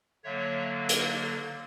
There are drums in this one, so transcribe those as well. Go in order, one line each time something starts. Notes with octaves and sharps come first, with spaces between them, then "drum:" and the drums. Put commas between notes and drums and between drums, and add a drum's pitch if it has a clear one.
D3 F#3 A#3 C#5 E5
drum: hi-hat